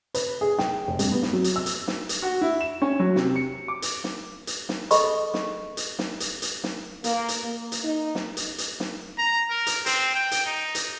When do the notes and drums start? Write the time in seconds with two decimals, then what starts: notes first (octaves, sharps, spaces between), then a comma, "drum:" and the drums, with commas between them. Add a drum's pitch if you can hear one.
0.14 B4, drum: hi-hat
0.41 G#4
0.59 G5, drum: snare
0.87 F1
0.99 G2, drum: hi-hat
1.12 B3
1.23 drum: snare
1.33 F#3
1.44 drum: hi-hat
1.56 E6
1.66 drum: hi-hat
1.88 drum: snare
2.09 drum: hi-hat
2.22 F#4
2.41 E4
2.61 E7
2.82 C#4
3.00 F#3
3.16 C3, drum: snare
3.36 C#7
3.68 D6
3.82 drum: hi-hat
4.04 drum: snare
4.47 drum: hi-hat
4.69 drum: snare
4.91 G#4 A4 D#5 B5 C#6, drum: hi-hat
5.34 drum: snare
5.77 drum: hi-hat
5.99 drum: snare
6.20 drum: hi-hat
6.42 drum: hi-hat
6.64 drum: snare
7.04 A#3, drum: hi-hat
7.29 drum: hi-hat
7.44 A#3
7.72 drum: hi-hat
7.84 D#4
8.15 drum: snare
8.37 drum: hi-hat
8.58 drum: hi-hat
8.80 drum: snare
9.18 A#5
9.50 A#4
9.67 drum: hi-hat
9.86 C4, drum: hi-hat
10.15 G5
10.31 drum: hi-hat
10.46 D#4
10.75 drum: hi-hat